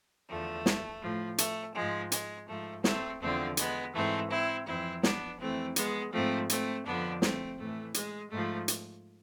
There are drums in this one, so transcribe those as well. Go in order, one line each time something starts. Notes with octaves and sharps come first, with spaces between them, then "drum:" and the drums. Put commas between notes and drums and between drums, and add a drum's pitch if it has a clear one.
E2 D3 F3 A3
drum: snare
A2 F3
A3, drum: hi-hat
G#2 F3 G#3
G#3, drum: hi-hat
G#2 F3 A3
A3 C4, drum: snare
E2 D3 F3 A3 C4
G#3 B3, drum: hi-hat
G#2 E3 A3 C4
C4 E4
F2 E3 C4 E4
B3 D4, drum: snare
F2 E3 A3 C4
G#3 B3, drum: hi-hat
G#2 F3 A3 C4
A3 C4, drum: hi-hat
F2 D3 F3 B3 D4
A3 C4, drum: snare
A2 E3 A3
G#3, drum: hi-hat
G#2 F3 A3
drum: hi-hat